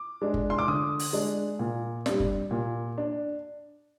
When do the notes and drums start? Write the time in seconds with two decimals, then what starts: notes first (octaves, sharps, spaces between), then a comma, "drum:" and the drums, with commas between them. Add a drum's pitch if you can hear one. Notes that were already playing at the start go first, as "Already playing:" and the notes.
Already playing: D6
0.22 G#3 D4
0.34 drum: kick
0.50 C6
0.59 D6
0.68 D3 D#6
0.99 drum: open hi-hat
1.13 G#3 D4
1.59 A#2
2.06 G3 D4, drum: snare
2.20 drum: kick
2.51 A#2
2.98 D4